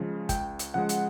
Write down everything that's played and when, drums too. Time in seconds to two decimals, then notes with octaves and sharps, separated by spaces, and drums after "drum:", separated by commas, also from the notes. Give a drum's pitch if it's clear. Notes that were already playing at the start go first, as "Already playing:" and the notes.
Already playing: C#3 F3 G#3
0.29 C#2 G5, drum: kick, hi-hat
0.59 drum: hi-hat
0.74 C#3 F3 G#3 F#5
0.89 drum: hi-hat